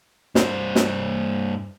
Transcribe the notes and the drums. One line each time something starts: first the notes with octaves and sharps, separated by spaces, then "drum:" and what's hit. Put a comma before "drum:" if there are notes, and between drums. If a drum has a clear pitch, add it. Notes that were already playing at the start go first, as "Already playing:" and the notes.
G2 C5, drum: snare
drum: snare